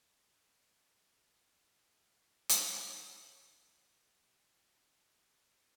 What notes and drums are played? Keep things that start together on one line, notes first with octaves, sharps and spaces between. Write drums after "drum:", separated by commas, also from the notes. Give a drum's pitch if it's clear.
A3 C5 C#5 D#5 E5
A#2
C#3
G#2
drum: hi-hat
E4 C6 F6 F#6
G4 D6 F#6